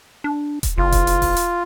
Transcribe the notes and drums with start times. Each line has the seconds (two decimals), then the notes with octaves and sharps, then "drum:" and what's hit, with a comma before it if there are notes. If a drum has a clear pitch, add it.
0.24 D4
0.63 drum: kick D#1, hi-hat
0.78 F#1 F4
0.92 drum: kick D#1, hi-hat
1.07 drum: hi-hat
1.22 drum: kick D#1, open hi-hat
1.37 drum: hi-hat